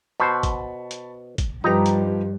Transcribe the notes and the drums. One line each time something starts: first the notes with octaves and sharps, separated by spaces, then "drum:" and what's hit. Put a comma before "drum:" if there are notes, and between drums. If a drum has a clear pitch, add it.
B2 C5 A5 B5 C#6
drum: kick, hi-hat
drum: hi-hat
drum: kick, hi-hat
G2 F3 D#4 G4 B4 A#5
drum: hi-hat